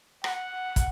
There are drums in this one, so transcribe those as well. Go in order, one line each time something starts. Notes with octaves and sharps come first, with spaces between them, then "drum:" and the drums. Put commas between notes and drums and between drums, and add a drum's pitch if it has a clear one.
F#5, drum: rim click
drum: kick, hi-hat